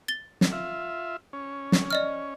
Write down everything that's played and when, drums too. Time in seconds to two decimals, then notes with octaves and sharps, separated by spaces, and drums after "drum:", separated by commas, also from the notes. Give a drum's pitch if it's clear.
0.08 A6 G7
0.41 drum: snare
0.52 F4 E5
1.33 C#4
1.72 drum: snare
1.90 D5 D#5 F6